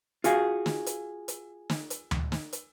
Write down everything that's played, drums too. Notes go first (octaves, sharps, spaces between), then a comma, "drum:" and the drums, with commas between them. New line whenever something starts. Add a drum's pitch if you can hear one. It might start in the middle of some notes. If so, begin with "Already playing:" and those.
F4 F#4 G#4 F5, drum: hi-hat
drum: snare
drum: hi-hat
drum: hi-hat
drum: snare
drum: hi-hat
drum: tom D2
drum: snare
drum: hi-hat